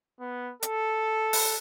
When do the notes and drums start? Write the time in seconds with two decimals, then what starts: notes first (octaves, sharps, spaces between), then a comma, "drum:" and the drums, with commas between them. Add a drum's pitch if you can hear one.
0.20 B3
0.63 A4, drum: hi-hat
1.33 drum: open hi-hat